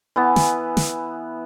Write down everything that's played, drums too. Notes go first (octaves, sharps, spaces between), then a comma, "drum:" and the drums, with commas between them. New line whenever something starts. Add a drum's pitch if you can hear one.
E3 B3
drum: snare
drum: snare